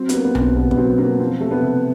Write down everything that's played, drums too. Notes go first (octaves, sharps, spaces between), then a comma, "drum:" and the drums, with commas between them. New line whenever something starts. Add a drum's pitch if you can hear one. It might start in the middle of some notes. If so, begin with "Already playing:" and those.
Already playing: F#3 C4
A#3 B3, drum: hi-hat
B3
B2, drum: tom B1
C4
B2 B3
B3, drum: kick
F#3 C4
A#3 B3
F3 C4
A3
B3
C3